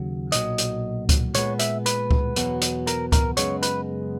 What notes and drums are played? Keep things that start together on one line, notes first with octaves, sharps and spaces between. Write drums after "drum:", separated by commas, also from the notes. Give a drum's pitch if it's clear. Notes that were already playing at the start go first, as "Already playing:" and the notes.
Already playing: D#2 C#3 F#3
B1 A#2 F#3 D#5, drum: hi-hat
drum: hi-hat
drum: kick C#2, hi-hat
A#2 G#3 B3 C#5, drum: hi-hat
E5, drum: hi-hat
B4, drum: hi-hat
drum: kick C#2
E2 B2 F#3 B3, drum: hi-hat
drum: hi-hat
A#4, drum: hi-hat
A#4, drum: kick C#2, hi-hat
F#2 C#3 G#3 B3 C#5, drum: hi-hat
B4, drum: hi-hat